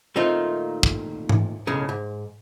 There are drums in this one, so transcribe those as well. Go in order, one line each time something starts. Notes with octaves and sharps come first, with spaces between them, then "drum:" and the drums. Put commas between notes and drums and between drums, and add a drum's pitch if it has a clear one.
A#2 D#3 A3 C4 D#4 F4
drum: kick
drum: tom G#2
B1 A2 C#3 G#4
G#2